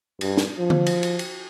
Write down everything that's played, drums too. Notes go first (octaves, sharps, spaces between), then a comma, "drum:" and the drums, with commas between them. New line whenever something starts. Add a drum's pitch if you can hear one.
G2, drum: cymbal
drum: snare
F3
drum: tom D3
drum: cymbal
drum: cymbal
drum: cymbal